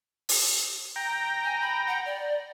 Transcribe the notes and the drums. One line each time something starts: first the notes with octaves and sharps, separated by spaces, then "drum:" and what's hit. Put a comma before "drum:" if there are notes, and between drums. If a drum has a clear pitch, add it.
drum: open hi-hat
G5 A#5
G#5
B5
F#5
D5